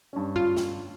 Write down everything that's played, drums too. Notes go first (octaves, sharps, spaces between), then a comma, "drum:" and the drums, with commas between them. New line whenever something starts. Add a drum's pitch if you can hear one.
G2 C#4
F4, drum: tom F#2
drum: snare